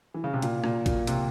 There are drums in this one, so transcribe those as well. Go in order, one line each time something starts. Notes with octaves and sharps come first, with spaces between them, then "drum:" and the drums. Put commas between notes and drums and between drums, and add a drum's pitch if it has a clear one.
E3
C#3
C3
A#2, drum: hi-hat
A#2, drum: rim click
A#2, drum: kick, hi-hat
C3, drum: hi-hat